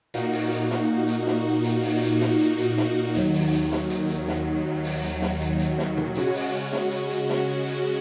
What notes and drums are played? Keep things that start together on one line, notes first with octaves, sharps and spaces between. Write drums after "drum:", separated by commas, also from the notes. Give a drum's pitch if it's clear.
A#2 A#3 D#4 F#4, drum: hi-hat
drum: open hi-hat
drum: hi-hat
drum: snare
drum: hi-hat
drum: snare
drum: hi-hat
drum: open hi-hat
drum: hi-hat
drum: snare
drum: hi-hat
drum: hi-hat
drum: snare
D#2 D#3 F#3, drum: hi-hat
drum: open hi-hat
drum: hi-hat
drum: snare
drum: hi-hat
drum: hi-hat
drum: snare
drum: open hi-hat
drum: hi-hat
drum: snare
drum: hi-hat
drum: hi-hat
drum: snare
drum: tom B2
C#3 G#3 C#4 F#4, drum: hi-hat
drum: open hi-hat
drum: hi-hat
drum: snare
drum: hi-hat
drum: hi-hat
drum: snare
drum: hi-hat